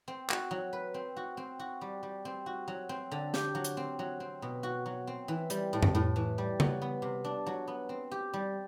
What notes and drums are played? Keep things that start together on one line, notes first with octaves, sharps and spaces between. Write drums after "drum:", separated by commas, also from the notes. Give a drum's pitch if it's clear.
C4
F#4, drum: clap
F#3
B4
C4
F#4
C4
F#4
G3
G3
C4
F#4
F#3
C4
D3
G4, drum: snare
F#3
drum: hi-hat
C4
F#3
C4
B2
F#4
F#3
C4
E3
G3, drum: hi-hat
A2
drum: tom F2
A2
E3
G3
F#3, drum: tom C#3
B3
C3
D4
F#3
B3
C4
G4
G3